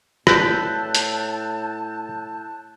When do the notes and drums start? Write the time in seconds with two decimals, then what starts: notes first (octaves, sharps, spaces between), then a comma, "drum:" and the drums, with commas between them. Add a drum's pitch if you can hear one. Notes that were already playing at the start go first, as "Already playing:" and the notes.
0.27 A2 B4 D5 A5 E6 F#6 G6, drum: rim click
0.95 drum: hi-hat